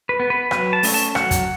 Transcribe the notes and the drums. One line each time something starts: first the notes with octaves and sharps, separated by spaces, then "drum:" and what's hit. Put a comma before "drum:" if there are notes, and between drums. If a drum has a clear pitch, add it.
B4
B3
B4
F#3 B4, drum: rim click
A5
A3 C#4, drum: open hi-hat
A5
F#3 F#5, drum: rim click
drum: kick, hi-hat